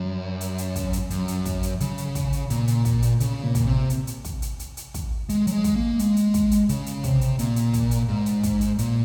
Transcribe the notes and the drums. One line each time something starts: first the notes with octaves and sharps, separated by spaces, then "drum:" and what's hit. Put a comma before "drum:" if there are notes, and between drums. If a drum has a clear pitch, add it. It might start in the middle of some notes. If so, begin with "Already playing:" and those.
Already playing: F#2
drum: hi-hat
drum: hi-hat
drum: kick, hi-hat
drum: hi-hat
F#2, drum: hi-hat
drum: hi-hat
drum: kick, hi-hat
drum: hi-hat
C#3, drum: hi-hat
drum: hi-hat
drum: kick, hi-hat
drum: hi-hat
A#2, drum: hi-hat
drum: hi-hat
drum: kick, hi-hat
drum: hi-hat
C#3, drum: hi-hat
A#2
drum: kick, hi-hat
C3
drum: hi-hat
drum: hi-hat
drum: kick, hi-hat
drum: hi-hat
drum: hi-hat
drum: hi-hat
drum: kick, hi-hat
G#3, drum: hi-hat
F#3, drum: hi-hat
G#3
drum: kick, hi-hat
A#3
G#3, drum: hi-hat
drum: hi-hat
drum: kick, hi-hat
drum: hi-hat
C#3, drum: hi-hat
drum: hi-hat
C3, drum: kick, hi-hat
drum: hi-hat
A#2, drum: hi-hat
drum: hi-hat
drum: kick, hi-hat
drum: hi-hat
G#2
drum: hi-hat
drum: kick, hi-hat
drum: hi-hat
A#2, drum: hi-hat